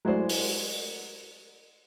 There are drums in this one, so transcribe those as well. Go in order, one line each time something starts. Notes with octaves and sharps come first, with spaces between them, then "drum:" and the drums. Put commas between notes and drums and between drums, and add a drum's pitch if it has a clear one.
F#3 G#3 E4 C5 D5
drum: open hi-hat